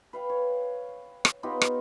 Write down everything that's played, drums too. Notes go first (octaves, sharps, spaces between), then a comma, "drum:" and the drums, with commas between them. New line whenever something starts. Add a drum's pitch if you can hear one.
B4 F5 G5
C#5
drum: rim click
B3 D#4 F4 G4
drum: rim click